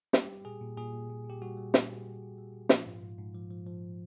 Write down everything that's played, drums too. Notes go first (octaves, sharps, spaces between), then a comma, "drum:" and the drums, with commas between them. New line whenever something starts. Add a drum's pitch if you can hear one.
G3 G4, drum: snare
G3
A#2 G#4
A#2
A#2 G#4
A#2
A#2
A#2 G4
G3 F#4
G3
A#2, drum: snare
A#2
A#2
A#2
G3
A#2
F3 F4, drum: snare
G#2
G#2
G#2
F3
F3
F3